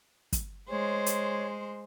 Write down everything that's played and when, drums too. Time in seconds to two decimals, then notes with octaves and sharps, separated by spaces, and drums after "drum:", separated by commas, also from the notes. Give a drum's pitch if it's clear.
0.32 drum: kick, hi-hat
0.69 G#3 C5 C#5
1.06 drum: hi-hat